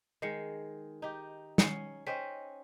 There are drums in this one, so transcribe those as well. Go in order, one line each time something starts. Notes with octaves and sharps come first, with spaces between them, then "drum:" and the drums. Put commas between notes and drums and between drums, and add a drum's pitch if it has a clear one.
D#3 G#3 D#5 C7 C#7
D#4 G4
C#4 C7 C#7, drum: snare
C#4 C5 D#5 G5 B6